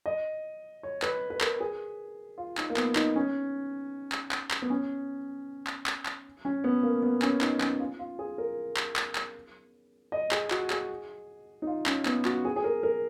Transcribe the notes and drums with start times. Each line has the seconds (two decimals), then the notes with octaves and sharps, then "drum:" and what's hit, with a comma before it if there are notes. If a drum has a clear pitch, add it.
0.06 D#5
0.83 C#5
1.02 B4, drum: clap
1.30 B4
1.41 A#4, drum: clap
1.60 G#4
2.38 F4
2.58 D#4, drum: clap
2.70 A#3
2.77 B3, drum: clap
2.96 D#4, drum: clap
3.16 C#4
4.12 drum: clap
4.32 drum: clap
4.51 drum: clap
4.62 B3
4.70 C#4
5.67 drum: clap
5.86 drum: clap
6.06 drum: clap
6.45 C#4
6.64 B3
6.83 A#3
7.03 B3
7.22 C#4, drum: clap
7.41 D#4, drum: clap
7.61 C#4, drum: clap
7.80 F4
7.99 F4
8.19 G#4
8.38 A#4
8.77 drum: clap
8.96 drum: clap
9.16 drum: clap
10.12 D#5
10.32 G#4, drum: clap
10.51 F#4, drum: clap
10.70 G#4, drum: clap
11.62 D#4
11.67 F4
11.86 C#4, drum: clap
12.06 B3, drum: clap
12.25 F#4, drum: clap
12.45 G#4
12.56 G#4
12.64 A#4
12.83 A#4